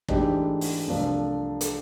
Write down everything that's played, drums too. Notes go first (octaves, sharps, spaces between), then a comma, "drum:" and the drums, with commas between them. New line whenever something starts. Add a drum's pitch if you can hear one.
G#2 E3 A3 D4 G4, drum: kick
drum: open hi-hat
C2 C3 F3 A3 D4
drum: hi-hat